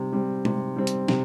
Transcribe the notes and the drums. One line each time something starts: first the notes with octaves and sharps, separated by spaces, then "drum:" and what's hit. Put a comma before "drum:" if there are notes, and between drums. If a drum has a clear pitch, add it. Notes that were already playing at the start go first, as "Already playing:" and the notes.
Already playing: C3 G3 C4
G3 C4
C3, drum: tom G#3
G3 C4
drum: hi-hat
C3, drum: snare